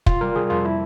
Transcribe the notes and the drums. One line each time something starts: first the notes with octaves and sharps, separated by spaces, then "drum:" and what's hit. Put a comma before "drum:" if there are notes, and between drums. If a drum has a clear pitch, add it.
C3 F4, drum: kick
G3 A#4
C3 G#4
F2 F4
A#3 E4